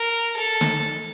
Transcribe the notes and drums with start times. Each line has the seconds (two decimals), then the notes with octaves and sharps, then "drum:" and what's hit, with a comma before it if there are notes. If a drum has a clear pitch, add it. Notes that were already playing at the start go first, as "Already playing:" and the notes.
Already playing: A#4
0.37 A4
0.61 drum: snare